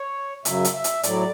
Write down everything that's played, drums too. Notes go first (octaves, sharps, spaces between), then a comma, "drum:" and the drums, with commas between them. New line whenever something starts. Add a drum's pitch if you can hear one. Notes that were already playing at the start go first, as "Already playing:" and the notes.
Already playing: C#5
F#2 C#3 F#3 E5, drum: hi-hat
drum: hi-hat
E5
drum: hi-hat
A2 F#3 D5, drum: hi-hat